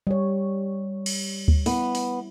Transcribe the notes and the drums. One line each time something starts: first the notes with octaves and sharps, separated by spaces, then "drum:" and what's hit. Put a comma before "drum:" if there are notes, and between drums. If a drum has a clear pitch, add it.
G3 C#5
drum: cymbal
drum: kick D2
B3 E4, drum: open hi-hat
drum: open hi-hat